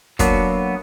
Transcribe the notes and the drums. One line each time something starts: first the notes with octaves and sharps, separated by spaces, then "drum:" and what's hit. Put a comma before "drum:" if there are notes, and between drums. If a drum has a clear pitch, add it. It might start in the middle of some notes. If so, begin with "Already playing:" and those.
F#3 A#3 B3 D4 F#4, drum: kick, hi-hat